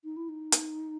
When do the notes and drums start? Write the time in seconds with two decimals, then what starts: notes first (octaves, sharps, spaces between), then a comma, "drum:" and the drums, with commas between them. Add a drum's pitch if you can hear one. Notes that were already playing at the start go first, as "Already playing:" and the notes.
0.04 D#4
0.17 E4
0.29 D#4
0.52 drum: hi-hat